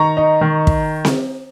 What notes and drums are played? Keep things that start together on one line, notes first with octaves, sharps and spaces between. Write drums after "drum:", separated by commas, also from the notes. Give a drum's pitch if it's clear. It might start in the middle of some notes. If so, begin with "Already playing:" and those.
Already playing: D#3 A#5 C#6
D#4
D#3
drum: kick
drum: snare C4